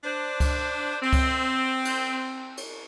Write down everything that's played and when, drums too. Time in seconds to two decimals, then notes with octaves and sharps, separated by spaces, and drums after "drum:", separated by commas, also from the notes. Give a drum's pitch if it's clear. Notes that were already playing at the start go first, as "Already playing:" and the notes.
0.04 D4 C5
0.40 drum: kick C#2, cymbal
1.02 C4
1.13 drum: kick C#2, cymbal
1.85 drum: cymbal
2.57 drum: cymbal